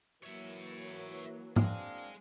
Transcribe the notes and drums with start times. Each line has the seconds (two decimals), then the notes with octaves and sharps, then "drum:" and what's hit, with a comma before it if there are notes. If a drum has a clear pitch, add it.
0.23 E3 F#3 A#3 C#5 E5
1.56 G#3 C4 D4 F5, drum: tom G#2